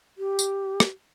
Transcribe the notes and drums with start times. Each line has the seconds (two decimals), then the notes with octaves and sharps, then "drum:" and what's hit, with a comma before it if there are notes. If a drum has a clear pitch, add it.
0.18 G4
0.39 drum: tambourine
0.80 drum: rim click